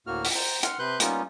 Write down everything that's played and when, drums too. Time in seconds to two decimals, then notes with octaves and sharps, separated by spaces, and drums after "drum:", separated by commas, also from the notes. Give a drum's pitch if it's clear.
0.07 D2 A2 A#3 F#4 F6
0.25 drum: open hi-hat
0.35 C5 A#5
0.63 F#5 C6 F6, drum: hi-hat
0.79 C3 B4 C6 F#6 G6
1.00 G3 A#3 B3 C#4 D#4 F4, drum: hi-hat